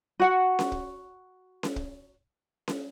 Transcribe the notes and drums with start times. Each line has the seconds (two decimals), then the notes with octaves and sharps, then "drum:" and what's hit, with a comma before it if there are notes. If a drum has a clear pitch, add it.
0.20 F#4 F#5
0.59 drum: snare C#4
0.72 drum: kick
1.63 drum: snare C#4
1.76 drum: kick
2.68 drum: snare C#4